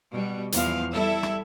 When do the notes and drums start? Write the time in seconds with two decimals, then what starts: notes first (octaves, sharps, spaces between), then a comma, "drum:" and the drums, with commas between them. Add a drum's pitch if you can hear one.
0.13 B2 G3
0.52 E2 F3 F5, drum: hi-hat
0.92 G3 E4 A4 E5
1.23 drum: rim click